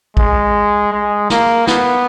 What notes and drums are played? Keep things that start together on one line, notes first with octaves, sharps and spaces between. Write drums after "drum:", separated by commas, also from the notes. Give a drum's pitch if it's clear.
G#3, drum: kick
G#3
A#3, drum: snare
B3, drum: snare